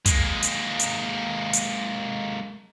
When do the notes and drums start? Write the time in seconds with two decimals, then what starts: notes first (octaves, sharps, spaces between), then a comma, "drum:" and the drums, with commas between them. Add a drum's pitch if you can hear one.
0.06 G#3 A#3, drum: kick, hi-hat
0.43 drum: hi-hat
0.79 drum: hi-hat
1.53 drum: hi-hat